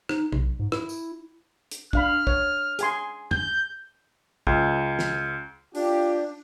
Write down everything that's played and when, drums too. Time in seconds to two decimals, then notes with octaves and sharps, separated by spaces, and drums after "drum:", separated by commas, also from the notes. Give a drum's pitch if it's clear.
0.09 D#4, drum: rim click
0.32 B1, drum: tom
0.59 G#2
0.72 E4, drum: rim click
0.89 drum: tambourine
1.71 drum: hi-hat
1.93 D4 F5 B5 F6, drum: kick
2.27 C#5, drum: kick
2.79 G#4 G#5 C6, drum: hi-hat
3.31 G6, drum: tom
4.47 C#2, drum: kick
4.99 drum: snare
5.75 D4 F4 G4, drum: open hi-hat